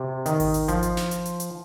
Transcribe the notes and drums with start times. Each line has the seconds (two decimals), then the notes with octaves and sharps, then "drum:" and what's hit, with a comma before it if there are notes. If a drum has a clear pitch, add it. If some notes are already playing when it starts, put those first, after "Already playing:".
Already playing: C3
0.26 D#3, drum: hi-hat
0.40 drum: kick G#1, open hi-hat
0.54 drum: hi-hat
0.68 F3, drum: kick G#1, hi-hat
0.83 drum: hi-hat
0.97 drum: snare
1.11 drum: hi-hat
1.25 drum: hi-hat
1.40 drum: hi-hat